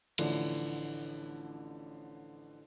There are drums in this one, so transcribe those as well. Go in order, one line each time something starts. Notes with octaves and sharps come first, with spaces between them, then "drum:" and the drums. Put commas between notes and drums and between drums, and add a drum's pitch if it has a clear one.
A1 D3 E3 F3, drum: cymbal